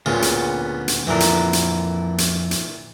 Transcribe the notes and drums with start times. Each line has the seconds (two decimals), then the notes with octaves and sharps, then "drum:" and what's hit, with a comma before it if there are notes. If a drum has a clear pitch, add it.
0.06 D2 A#2 C#3 B3 F4
0.22 drum: hi-hat
0.88 drum: hi-hat
1.07 F2 A#2 D3 E3 A#4
1.20 drum: hi-hat
1.53 drum: hi-hat
2.18 drum: hi-hat
2.51 drum: hi-hat